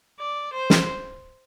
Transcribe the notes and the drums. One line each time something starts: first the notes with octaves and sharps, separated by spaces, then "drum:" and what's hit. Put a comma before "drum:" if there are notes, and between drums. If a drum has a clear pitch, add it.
D5
C5
drum: snare